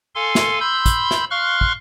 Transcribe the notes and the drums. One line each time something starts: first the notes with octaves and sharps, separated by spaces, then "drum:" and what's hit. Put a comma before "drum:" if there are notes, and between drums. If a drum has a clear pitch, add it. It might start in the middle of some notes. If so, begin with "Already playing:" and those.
A4 F5 G#5 C6
drum: snare
B5 C6 E6 G6
drum: kick, hi-hat
drum: snare
F5 C6 C#6 F6 F#6
drum: kick